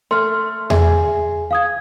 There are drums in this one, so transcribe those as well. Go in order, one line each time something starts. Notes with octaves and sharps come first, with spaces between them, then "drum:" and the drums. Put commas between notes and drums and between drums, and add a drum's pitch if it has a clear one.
A3 C6 F6
G#4 E5, drum: tom E2
F5 D#6 G#6